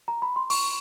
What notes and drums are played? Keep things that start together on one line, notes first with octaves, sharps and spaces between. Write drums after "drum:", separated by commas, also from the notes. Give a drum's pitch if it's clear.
A#5
B5
C6
C#6, drum: open hi-hat